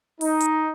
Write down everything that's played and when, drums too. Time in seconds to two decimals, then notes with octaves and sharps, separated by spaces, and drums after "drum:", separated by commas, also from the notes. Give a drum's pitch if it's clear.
0.21 D#4, drum: open hi-hat
0.40 drum: hi-hat